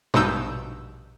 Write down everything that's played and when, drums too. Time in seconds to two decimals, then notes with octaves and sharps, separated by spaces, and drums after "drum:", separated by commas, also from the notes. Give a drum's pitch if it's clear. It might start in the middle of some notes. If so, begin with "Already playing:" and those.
0.14 A#1 G2 B2 D#4 E6 G6, drum: tom